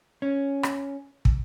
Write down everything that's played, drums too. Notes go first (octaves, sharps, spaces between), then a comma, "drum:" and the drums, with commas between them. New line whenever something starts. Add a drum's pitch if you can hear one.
C#4
drum: rim click
drum: kick